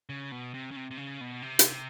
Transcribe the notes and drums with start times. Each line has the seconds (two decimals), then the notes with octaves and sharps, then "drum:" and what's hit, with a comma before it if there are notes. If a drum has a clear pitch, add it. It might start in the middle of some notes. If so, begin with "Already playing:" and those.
0.09 C#3
0.32 B2
0.54 C3
0.71 C#3
0.76 C3
0.91 C3
0.98 C#3
1.21 B2
1.42 C3
1.59 drum: hi-hat